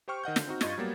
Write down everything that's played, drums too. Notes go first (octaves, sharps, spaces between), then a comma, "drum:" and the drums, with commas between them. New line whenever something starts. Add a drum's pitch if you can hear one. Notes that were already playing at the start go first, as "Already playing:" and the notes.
G4 C5 G5 C#6 F6
D#3 D#5 F#5 G6
D3, drum: snare
C4 D#4 F#4
G2 F4 D#5 C#6 G#6 A6, drum: snare
F#3 G3 A#3 B3